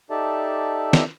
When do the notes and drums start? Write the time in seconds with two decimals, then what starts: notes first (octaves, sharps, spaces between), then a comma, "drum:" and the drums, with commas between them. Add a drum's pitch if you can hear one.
0.10 D#4 G4 A4 D5 E5 A5
0.93 drum: snare